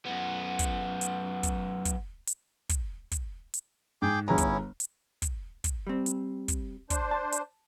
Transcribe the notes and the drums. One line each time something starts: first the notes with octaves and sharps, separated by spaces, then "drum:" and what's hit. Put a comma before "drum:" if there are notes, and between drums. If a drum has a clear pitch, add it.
F#2 B3
drum: kick, hi-hat
drum: hi-hat
drum: kick, hi-hat
drum: kick, hi-hat
drum: hi-hat
drum: kick, hi-hat
drum: kick, hi-hat
drum: hi-hat
G#2 G#4 G5 D6
G1 B3 C#4 E4 G#4 A#5
drum: kick, hi-hat
drum: hi-hat
drum: kick, hi-hat
drum: kick, hi-hat
G3 C4
drum: hi-hat
drum: kick, hi-hat
D4 C5, drum: kick, hi-hat
A5
drum: hi-hat